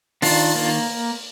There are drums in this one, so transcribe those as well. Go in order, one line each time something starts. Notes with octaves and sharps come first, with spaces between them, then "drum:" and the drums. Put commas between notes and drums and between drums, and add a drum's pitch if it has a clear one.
D#3 D4 F4, drum: open hi-hat
A#3